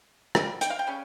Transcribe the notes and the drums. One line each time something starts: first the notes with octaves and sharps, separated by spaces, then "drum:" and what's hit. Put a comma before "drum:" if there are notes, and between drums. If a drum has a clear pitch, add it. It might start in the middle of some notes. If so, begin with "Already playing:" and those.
C#3 G3, drum: rim click
G5, drum: hi-hat
F5
G5
C#3 G3 C#4